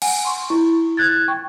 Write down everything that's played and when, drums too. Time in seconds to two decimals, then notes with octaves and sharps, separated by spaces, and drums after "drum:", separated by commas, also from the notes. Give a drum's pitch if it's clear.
0.02 F#5 G#5, drum: cymbal
0.25 C6 C#6
0.50 E4 C#6
0.97 F#6 G#6 A6
1.28 G5 C#6